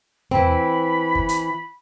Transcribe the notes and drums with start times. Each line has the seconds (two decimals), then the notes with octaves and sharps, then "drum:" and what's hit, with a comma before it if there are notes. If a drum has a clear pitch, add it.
0.31 E3 C4 B5, drum: tom E2
1.15 drum: kick
1.29 drum: hi-hat